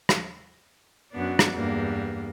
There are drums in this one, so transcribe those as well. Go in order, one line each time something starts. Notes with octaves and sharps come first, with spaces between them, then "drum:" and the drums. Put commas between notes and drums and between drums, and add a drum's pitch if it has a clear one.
drum: rim click
F#2 B3 D4
drum: rim click
E2 G2 A#3